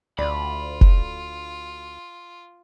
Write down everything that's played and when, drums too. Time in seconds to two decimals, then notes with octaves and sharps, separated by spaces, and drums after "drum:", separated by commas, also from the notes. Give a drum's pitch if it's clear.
0.19 D2 F4 D5 B5
0.81 drum: kick F1